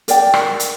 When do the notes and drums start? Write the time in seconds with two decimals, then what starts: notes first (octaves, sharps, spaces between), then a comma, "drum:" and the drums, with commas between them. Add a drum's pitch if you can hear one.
0.08 A#4 D5 G5, drum: hi-hat
0.34 drum: rim click
0.60 drum: hi-hat